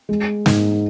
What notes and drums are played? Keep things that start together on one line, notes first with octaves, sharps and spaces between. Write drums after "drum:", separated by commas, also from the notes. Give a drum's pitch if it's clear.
G#3
G#2, drum: snare